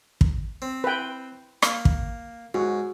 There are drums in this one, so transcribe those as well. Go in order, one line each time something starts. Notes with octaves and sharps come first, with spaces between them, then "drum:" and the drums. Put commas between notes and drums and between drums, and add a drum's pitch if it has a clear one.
drum: kick
C4
B4 G5
A#3, drum: rim click
drum: kick
G#2 F#4